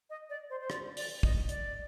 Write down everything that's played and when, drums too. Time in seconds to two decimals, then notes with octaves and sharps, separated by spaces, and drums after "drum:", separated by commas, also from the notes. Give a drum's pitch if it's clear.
0.10 D#5
0.30 D5
0.50 C5
0.61 C5
0.70 D5, drum: rim click
0.97 D5, drum: open hi-hat
1.23 D#5, drum: kick
1.49 D5, drum: hi-hat